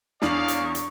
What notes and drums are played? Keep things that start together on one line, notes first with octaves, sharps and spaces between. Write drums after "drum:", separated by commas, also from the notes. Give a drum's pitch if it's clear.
E2 D4 C#5 D5 F5 C#6 D#6 F#7, drum: snare
drum: hi-hat
drum: hi-hat